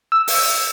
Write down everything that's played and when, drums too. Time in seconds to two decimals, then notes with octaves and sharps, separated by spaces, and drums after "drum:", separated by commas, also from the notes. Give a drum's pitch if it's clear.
0.12 E6
0.28 drum: open hi-hat